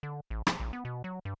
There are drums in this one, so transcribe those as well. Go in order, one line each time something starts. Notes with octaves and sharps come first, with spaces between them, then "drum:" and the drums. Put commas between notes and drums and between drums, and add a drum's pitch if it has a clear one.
D3
A1
F3, drum: rim click
A#1
B3
B2
F#3
G2